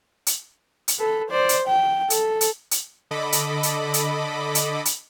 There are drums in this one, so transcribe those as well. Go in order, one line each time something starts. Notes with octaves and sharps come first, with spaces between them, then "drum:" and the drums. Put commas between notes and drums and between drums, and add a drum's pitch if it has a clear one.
drum: hi-hat
drum: hi-hat
A4 B4
C5 D5
drum: hi-hat
G5
A4, drum: hi-hat
drum: hi-hat
drum: hi-hat
D3 A4 D#5 B5 D6
drum: hi-hat
drum: hi-hat
drum: hi-hat
drum: hi-hat
drum: hi-hat